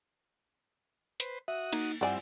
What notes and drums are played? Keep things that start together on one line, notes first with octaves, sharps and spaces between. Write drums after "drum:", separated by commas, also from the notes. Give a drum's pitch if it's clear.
B4 C5, drum: hi-hat
F#4 E5 D#6
A#3 D#4, drum: cymbal
G2 F3 G3 C4 E4 D5 F#5 G#5